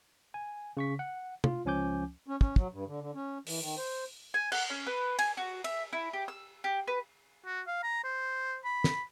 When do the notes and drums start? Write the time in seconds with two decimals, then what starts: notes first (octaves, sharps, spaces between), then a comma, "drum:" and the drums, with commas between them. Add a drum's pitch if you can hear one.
0.34 G#5
0.77 C#3 C#6 B6
0.99 F#5
1.44 F4, drum: tom
1.65 C#2 F3 C#4 G#5 D6 G6
2.27 C#4
2.41 C#4, drum: kick
2.56 F#3, drum: kick
2.71 G2
2.87 D3
3.01 D3
3.15 C#4
3.47 E3, drum: open hi-hat
3.61 D#3
3.78 C5
4.34 G#5
4.52 F#5, drum: cymbal
4.70 C#4
4.87 B4
5.19 G#5, drum: cymbal
5.37 F#4
5.64 E5, drum: cymbal
5.93 E4
6.13 G4
6.28 E6
6.64 G4
6.87 B4
7.46 F#4
7.67 F5
7.83 A#5
8.04 C5
8.64 B5
8.84 drum: snare